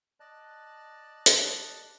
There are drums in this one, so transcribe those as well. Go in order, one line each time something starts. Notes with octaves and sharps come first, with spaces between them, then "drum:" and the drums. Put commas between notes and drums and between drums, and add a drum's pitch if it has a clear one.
D5 D#5 A5 F#6
drum: hi-hat